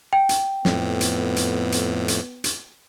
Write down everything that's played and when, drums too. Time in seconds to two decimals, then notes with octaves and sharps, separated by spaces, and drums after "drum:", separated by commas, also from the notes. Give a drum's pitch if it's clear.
0.13 G5
0.29 drum: hi-hat
0.65 F2 A2 B3, drum: snare
1.01 drum: hi-hat
1.36 drum: hi-hat
1.72 drum: hi-hat
2.08 drum: hi-hat
2.44 drum: hi-hat